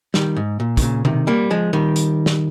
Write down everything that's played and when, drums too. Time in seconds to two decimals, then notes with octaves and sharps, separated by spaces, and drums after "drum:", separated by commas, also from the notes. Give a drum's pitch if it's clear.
0.14 D#3 G3, drum: snare
0.36 G#2
0.60 A#2
0.77 D#3, drum: kick, hi-hat
0.82 A#2 C#3
1.05 C3 D#3, drum: tom B2
1.27 G3 A#3
1.50 F3 G#3
1.73 D#3 G3
1.96 drum: hi-hat
2.26 drum: snare